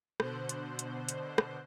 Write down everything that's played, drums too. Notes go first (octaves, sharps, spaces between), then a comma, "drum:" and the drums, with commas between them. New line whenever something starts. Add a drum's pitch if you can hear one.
B2 D3 C5 F#6 G6, drum: rim click
drum: hi-hat
drum: hi-hat
drum: hi-hat
drum: rim click